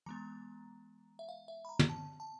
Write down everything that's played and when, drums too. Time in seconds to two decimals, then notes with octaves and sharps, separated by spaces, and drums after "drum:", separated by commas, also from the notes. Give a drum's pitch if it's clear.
0.06 E3 G#3 B3 A#5
1.19 E5
1.29 F5
1.48 E5
1.65 B5
1.69 A#5
1.79 drum: tom
1.89 A5
2.20 A5